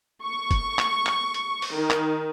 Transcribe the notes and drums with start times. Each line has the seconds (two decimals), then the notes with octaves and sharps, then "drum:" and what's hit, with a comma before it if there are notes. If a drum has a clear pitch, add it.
0.23 C#6
0.51 drum: kick, hi-hat
0.79 drum: clap
1.06 drum: clap
1.34 drum: hi-hat
1.62 drum: open hi-hat
1.74 D#3
1.90 drum: clap